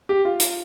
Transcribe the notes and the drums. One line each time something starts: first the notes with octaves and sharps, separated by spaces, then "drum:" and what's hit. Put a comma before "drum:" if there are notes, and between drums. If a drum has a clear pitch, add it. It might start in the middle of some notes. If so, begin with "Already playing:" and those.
G4
F4
drum: hi-hat